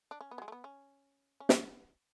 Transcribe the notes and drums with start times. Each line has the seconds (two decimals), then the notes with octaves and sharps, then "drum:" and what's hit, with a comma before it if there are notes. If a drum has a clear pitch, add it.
0.11 D4
0.21 C#4
0.31 B3
0.38 F#3
0.42 G#3
0.48 A3
0.52 B3
0.64 C#4
1.40 C#4
1.49 B3, drum: snare